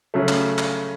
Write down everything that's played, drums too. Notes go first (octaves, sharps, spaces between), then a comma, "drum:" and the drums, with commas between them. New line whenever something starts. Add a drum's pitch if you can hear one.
C#3 F#3 A3
drum: clap
drum: clap